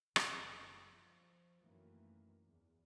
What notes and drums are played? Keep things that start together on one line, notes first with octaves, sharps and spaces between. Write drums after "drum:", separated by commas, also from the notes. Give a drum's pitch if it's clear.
F#1, drum: rim click
F3
F#2 D#3 E3 F#3 A3 A#3
E2